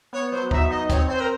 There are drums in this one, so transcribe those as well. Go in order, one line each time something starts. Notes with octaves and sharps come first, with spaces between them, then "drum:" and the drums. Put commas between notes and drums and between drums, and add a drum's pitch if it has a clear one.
B3 C#5
F#3 C5
D#4 E5, drum: kick
D#4 D#5
C4 C#5, drum: kick, hi-hat
C4 C5
A#4